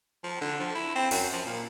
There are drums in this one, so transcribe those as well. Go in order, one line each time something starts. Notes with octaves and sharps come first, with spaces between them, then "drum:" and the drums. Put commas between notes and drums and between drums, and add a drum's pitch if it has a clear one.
F3
D3
F3
E4
C4
F#2, drum: open hi-hat
F3
A#2